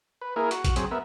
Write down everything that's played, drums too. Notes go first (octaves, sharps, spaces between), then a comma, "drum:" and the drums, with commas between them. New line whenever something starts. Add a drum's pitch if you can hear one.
B4
A#3 E4 G#4 A#4
F#4, drum: hi-hat
drum: kick, hi-hat
F#3 C4 G#4, drum: hi-hat
B3 A#4 E5